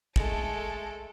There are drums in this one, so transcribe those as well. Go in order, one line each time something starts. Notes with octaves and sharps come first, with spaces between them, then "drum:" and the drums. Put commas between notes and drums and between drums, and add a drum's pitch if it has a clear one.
G#3 A3 A4 D7, drum: kick